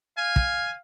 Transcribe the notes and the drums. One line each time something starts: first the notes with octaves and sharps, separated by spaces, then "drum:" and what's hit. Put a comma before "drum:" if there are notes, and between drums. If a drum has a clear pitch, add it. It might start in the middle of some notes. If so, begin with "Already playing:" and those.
F5 G#5
drum: kick